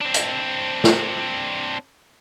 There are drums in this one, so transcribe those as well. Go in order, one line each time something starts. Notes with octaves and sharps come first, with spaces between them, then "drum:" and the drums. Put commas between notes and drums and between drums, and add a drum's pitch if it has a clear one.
C4 D4
drum: hi-hat
drum: snare